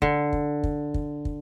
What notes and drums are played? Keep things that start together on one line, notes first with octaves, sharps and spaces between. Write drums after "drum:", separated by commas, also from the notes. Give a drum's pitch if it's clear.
D3, drum: kick
drum: kick
drum: kick
drum: kick
drum: kick